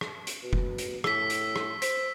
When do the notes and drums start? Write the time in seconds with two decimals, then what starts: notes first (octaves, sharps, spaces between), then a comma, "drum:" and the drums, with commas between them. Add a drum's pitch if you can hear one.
0.01 drum: rim click
0.27 drum: hi-hat
0.43 B2
0.53 drum: kick F1
0.78 drum: hi-hat
1.04 A2 E6 B6, drum: rim click
1.30 drum: hi-hat
1.56 drum: rim click
1.82 C5 B6, drum: hi-hat